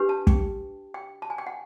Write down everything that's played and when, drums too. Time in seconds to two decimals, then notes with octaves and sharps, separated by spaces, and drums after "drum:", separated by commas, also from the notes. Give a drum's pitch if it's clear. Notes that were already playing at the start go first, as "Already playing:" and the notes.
Already playing: D4 G4 B4
0.09 A5
0.27 G5, drum: kick
0.94 G5
1.22 A5
1.30 G#5
1.38 G5
1.47 F#5